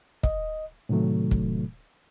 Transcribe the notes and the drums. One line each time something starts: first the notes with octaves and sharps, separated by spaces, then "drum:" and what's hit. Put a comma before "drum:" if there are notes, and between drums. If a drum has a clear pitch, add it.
D#5, drum: kick
A2 C3 D#3 F#3 A3
drum: kick